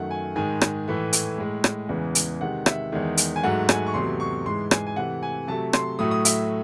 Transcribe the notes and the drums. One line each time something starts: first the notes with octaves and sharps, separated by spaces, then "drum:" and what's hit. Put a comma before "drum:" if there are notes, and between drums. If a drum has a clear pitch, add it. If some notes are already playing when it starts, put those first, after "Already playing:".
Already playing: F#2 D#3 A3 F#5
G#5
G#2 D#3 G#3 G#5
drum: rim click
A2 E3 A3
drum: hi-hat
A2 G#3
drum: rim click
E2 C#3 E3 G#3
drum: hi-hat
C3 D#3 G#3 F#5
E5, drum: rim click
E2 D#3 G#3
drum: hi-hat
G#5
G#2 F#3 A3 F#5
G#5, drum: rim click
C#6
E2 C3 F#3 A3 C6
C#6
G#2 E3 G#3 C6
G#5, drum: rim click
G#5
C3 E3 A3 F#5
G#5
C3 F#3 A3 A5
C6, drum: rim click
A2 F#3 A3 D#6
D#6
E5, drum: hi-hat